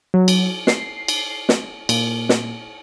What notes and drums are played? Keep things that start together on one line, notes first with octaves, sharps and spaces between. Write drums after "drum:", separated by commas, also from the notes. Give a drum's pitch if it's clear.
F#3
drum: cymbal
C7, drum: snare
drum: cymbal
drum: snare
A#2, drum: cymbal
drum: snare